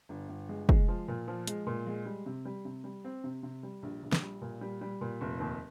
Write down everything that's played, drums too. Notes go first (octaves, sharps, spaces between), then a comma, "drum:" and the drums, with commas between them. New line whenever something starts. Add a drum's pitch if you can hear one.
G1
G1
G#3
G#3, drum: kick
F3
A#2
F3
G#3, drum: hi-hat
A#2
G#3
G3
C3
G3
C3
G3
C4
C3
C3
G3
A#1
A#1
drum: snare
G3
A#2
G3
G3
A#2
F1
D#2